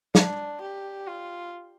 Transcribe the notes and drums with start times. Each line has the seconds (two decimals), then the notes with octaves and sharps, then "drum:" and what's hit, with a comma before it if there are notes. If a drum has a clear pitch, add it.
0.15 D4, drum: snare
0.61 G4
1.07 F4